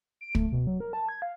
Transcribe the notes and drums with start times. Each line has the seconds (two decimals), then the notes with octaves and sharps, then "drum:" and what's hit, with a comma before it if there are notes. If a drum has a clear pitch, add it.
0.21 D7
0.35 A3, drum: kick
0.52 B2
0.67 F#3
0.80 A#4
0.93 A5
1.09 G#6
1.22 F5